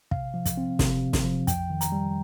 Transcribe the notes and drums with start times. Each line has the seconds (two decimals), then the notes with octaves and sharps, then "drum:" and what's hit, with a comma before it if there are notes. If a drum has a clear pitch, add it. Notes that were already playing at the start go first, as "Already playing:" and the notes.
0.11 C3 F5, drum: kick
0.34 F3
0.46 drum: kick, hi-hat
0.57 C4
0.79 C3, drum: snare
1.02 C3
1.13 drum: snare
1.24 F3
1.47 F2 G5, drum: kick, hi-hat
1.70 D#3
1.81 A#5, drum: hi-hat
1.92 G3